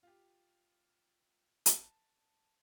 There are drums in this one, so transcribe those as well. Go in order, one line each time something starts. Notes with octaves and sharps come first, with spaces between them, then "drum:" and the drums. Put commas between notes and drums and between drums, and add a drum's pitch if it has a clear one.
F4 G4
A5, drum: hi-hat